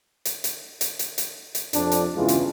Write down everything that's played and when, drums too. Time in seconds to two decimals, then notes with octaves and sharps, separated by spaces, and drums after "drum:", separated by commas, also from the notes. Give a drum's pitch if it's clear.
0.25 drum: hi-hat
0.44 drum: hi-hat
0.81 drum: hi-hat
0.99 drum: hi-hat
1.18 drum: hi-hat
1.55 drum: hi-hat
1.73 F2 C3 D4, drum: hi-hat
1.92 drum: hi-hat
2.15 E2 G2 C#3 E3 G#3 F4
2.28 drum: hi-hat